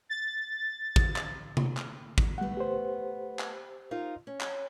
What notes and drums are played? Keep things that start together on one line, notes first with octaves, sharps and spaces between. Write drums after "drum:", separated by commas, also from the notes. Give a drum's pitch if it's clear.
A6
drum: kick
drum: clap
drum: tom C3
drum: clap
drum: kick
G3 A3 B3 F#5
G4 C5
drum: clap
D#4 F4 A#4
C#4
drum: clap